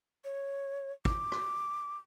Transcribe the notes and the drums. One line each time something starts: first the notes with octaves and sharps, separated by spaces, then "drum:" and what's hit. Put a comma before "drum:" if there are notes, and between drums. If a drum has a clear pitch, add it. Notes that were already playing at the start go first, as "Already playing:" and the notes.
C#5
D6, drum: kick
drum: rim click